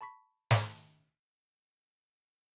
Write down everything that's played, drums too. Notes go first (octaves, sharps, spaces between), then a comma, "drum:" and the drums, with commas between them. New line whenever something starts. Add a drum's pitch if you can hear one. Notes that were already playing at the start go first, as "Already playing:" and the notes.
A5 B5 C#6 B6
drum: snare